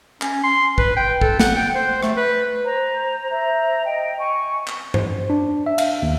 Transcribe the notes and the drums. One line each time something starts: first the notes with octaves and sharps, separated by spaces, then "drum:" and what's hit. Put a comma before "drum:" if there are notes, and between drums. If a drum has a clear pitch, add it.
C#4, drum: clap
C6
B4, drum: kick
G5
A4, drum: kick
F#5, drum: snare
G5
C5
A3, drum: rim click
B4
C5 A#5
C5 E5 A#5
D#5 G5
G#5 C#6
drum: clap
C5, drum: tom G2
D4
E5
F5, drum: cymbal
D#2